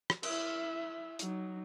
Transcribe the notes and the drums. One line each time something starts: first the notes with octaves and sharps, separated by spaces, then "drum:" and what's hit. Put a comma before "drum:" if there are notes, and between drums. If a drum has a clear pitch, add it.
drum: rim click
E4 E5, drum: cymbal
F#3 D#4, drum: hi-hat